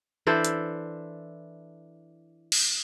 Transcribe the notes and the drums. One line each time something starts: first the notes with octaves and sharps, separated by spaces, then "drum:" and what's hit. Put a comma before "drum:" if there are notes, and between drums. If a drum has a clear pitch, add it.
E3 D4 A4 C5
drum: hi-hat
drum: cymbal